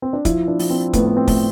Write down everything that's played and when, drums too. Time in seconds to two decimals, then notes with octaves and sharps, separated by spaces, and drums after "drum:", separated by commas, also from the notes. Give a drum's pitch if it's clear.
0.02 C4
0.13 D4
0.25 F3 E4, drum: kick, hi-hat
0.48 D4
0.59 F3, drum: open hi-hat
0.70 C4
0.93 A2 B3, drum: kick, hi-hat
1.06 B3
1.17 C4
1.28 A2, drum: kick, open hi-hat